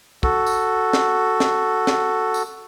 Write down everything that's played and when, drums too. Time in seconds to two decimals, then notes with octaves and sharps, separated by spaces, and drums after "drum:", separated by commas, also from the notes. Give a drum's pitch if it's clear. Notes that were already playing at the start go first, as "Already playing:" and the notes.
0.23 F#4 A4, drum: kick
0.46 drum: tambourine
0.93 drum: snare
1.40 drum: snare
1.87 drum: snare
2.34 drum: tambourine